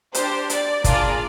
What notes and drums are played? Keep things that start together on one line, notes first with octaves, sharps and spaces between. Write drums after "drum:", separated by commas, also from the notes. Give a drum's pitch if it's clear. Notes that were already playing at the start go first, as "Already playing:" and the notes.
D4 G4 C5, drum: hi-hat
D5, drum: hi-hat
A#3 D4 F4 G#4 D5, drum: kick, hi-hat